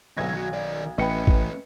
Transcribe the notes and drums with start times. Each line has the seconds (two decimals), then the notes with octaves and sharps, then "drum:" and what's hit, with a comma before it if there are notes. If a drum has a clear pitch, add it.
0.17 B1 D3 F#3 G#6 A#6
0.32 D#3 F#4
0.53 D#3 D5
0.98 A1 A3 C#4 B4 D#5 G5 B5 C#7
1.27 drum: kick